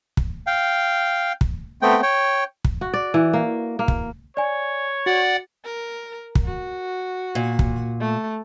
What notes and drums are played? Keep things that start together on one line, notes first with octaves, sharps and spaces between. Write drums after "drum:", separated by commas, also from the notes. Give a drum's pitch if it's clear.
drum: kick
F5 G5
drum: kick
A3 B3 C4 G5
C#5 G5
drum: kick
F#4
D5
E3
A#3
A#3
drum: kick
C#5 D5 G#5
F#4 D5 F#5
A#4
drum: kick
F#4
A#2
drum: kick
A3